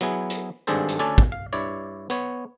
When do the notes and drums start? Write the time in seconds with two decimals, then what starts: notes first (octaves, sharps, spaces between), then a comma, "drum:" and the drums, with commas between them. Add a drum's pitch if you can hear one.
0.01 F#3 B3 E4 G#4
0.30 drum: hi-hat
0.67 G#1 G2 D4 G#4 A4 C5
0.89 drum: hi-hat
0.99 D2 C#4 A4 D5 G#5
1.18 drum: kick
1.32 F5
1.53 G2 E4 C#5 D5
2.10 B3 C#5